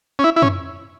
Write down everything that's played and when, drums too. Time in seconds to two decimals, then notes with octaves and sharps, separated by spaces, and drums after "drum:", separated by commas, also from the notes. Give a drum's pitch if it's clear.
0.19 C#4
0.24 E4
0.36 E4
0.42 C#4, drum: tom